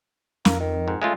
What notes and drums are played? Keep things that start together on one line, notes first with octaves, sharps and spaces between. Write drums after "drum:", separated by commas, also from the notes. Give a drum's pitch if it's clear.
F2 A#3, drum: snare
D#3
G#2
C#3 G#3 A3 F4